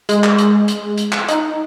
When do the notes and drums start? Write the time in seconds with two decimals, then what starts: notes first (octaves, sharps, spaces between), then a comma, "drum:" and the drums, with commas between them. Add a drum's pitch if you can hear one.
0.09 G#3, drum: hi-hat
0.24 drum: clap
0.38 drum: hi-hat
0.68 drum: hi-hat
0.98 drum: hi-hat
1.12 drum: clap
1.28 D#4, drum: hi-hat